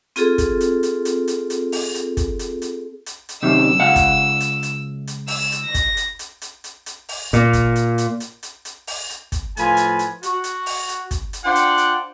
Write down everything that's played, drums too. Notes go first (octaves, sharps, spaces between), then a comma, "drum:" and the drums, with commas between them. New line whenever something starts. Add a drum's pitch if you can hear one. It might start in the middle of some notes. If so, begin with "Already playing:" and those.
C4 F4 G#4 A4, drum: hi-hat
drum: kick, hi-hat
drum: hi-hat
drum: hi-hat
drum: hi-hat
drum: hi-hat
drum: hi-hat
drum: open hi-hat
drum: hi-hat
drum: kick, hi-hat
drum: hi-hat
drum: hi-hat
drum: hi-hat
drum: hi-hat
F#2 C3 D#3 E6
C#2 F5 F#5
drum: kick, hi-hat
drum: hi-hat
drum: hi-hat
drum: hi-hat
E6, drum: open hi-hat
drum: hi-hat
A#6
drum: kick, hi-hat
drum: hi-hat
drum: hi-hat
drum: hi-hat
drum: hi-hat
drum: hi-hat
drum: open hi-hat
A#2, drum: hi-hat
drum: kick, hi-hat
drum: hi-hat
drum: hi-hat
drum: hi-hat
drum: hi-hat
drum: hi-hat
drum: open hi-hat
drum: hi-hat
drum: kick, hi-hat
A2 F3 F4 B4 G#5, drum: hi-hat
drum: hi-hat
drum: hi-hat
F#4, drum: hi-hat
drum: hi-hat
drum: open hi-hat
drum: hi-hat
drum: kick, hi-hat
drum: hi-hat
D4 F4 C5 D5 F#5 G5
drum: hi-hat
drum: hi-hat